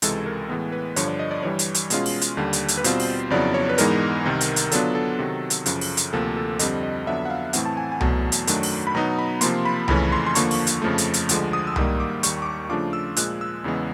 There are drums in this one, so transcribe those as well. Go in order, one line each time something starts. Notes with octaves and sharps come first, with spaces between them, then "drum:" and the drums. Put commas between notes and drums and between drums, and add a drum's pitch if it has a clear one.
C#2 C3 E3 G#3 A4, drum: hi-hat
A#4
A2 E3 G#3 B3
B4
G2 D3 F3 C#5, drum: hi-hat
D5
D#5
D5
G2 E3 G3 C#5
drum: hi-hat
drum: hi-hat
B2 G#3 C#4 F4, drum: hi-hat
drum: open hi-hat
drum: hi-hat
D#2 D3 G3
drum: hi-hat
drum: hi-hat
B4
B2 G3 C4 F4 C5, drum: hi-hat
drum: open hi-hat
F2 C#3 F#3 B3 E4 D5
C#5
B4
G#2 E3 G#3 B3 D#4 A#4, drum: hi-hat
C2 C3 D#3
drum: hi-hat
drum: hi-hat
D3 F#3 B3 D4 F4 A4, drum: hi-hat
A4
C3 D#3 F#3
drum: hi-hat
F#2 C#3 F3, drum: hi-hat
drum: open hi-hat
drum: hi-hat
D2 C3 F3 A#3 A4
A4
F2 D3 G3 C4 D#5, drum: hi-hat
D#5
F2 D3 F#3 B3 D4 E5
F#5
F5
A2 E3 A3 C4 F#5, drum: hi-hat
A5
G#5
G#5
E2 B2 F#3 A3 A5, drum: tom C2
drum: hi-hat
F#2 D#3 F#3 A3 D4, drum: hi-hat
drum: open hi-hat
B5
B2 F#3 B3 D#4 A#5
B5
C3 F3 A#3 C6, drum: hi-hat
B5
F2 C#3 E3 A3 C#4 B5, drum: tom C2
C6
C6
D#2 D3 F3 A#3 C#6, drum: hi-hat
drum: open hi-hat
drum: hi-hat
F2 C#3 F3 A3
drum: hi-hat
drum: hi-hat
D2 D3 F3 G#3, drum: hi-hat
D#6
E6
G#2 D#3 G3 A#3 D#6, drum: tom C2
D6
D#2 D#3 G3 C#6, drum: hi-hat
D6
C#6
C#3 F3 A3 D4 F4 D6
E6
A#2 F3 G#3 F#6, drum: hi-hat
E6
E2 C#3 E3 G#3 B3